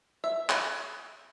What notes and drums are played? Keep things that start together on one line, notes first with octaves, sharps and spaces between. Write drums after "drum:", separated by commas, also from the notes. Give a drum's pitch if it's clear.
E5
drum: clap